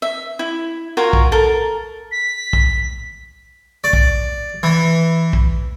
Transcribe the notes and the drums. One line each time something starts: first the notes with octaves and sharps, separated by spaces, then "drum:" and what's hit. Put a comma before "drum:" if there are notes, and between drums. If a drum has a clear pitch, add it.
E5
E4
F4 F#4 A#4 C#5
drum: kick
A4 A#4
B6
drum: kick
D5
drum: kick
E3
drum: kick